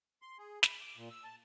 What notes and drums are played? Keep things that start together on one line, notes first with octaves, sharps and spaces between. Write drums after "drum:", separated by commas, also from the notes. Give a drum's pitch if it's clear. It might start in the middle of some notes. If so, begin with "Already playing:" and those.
C6
G#4
B5, drum: snare
D6
A#2
E6
A5